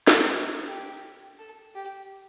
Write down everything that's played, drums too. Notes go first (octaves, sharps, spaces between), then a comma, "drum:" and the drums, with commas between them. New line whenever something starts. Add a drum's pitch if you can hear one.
drum: snare
G4
A4
G4